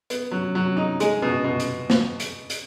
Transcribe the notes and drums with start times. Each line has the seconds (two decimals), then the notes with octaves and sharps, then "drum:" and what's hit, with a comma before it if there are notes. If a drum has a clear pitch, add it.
0.10 B3, drum: hi-hat
0.31 F#3
0.55 F#3
0.76 D#4
1.00 G#3, drum: hi-hat
1.22 B2
1.44 B2
1.60 drum: hi-hat
1.90 drum: snare
2.20 drum: hi-hat
2.50 drum: hi-hat